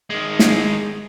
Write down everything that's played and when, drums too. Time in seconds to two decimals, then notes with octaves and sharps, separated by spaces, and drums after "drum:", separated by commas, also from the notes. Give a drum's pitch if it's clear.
0.10 D#3 G#3
0.39 drum: snare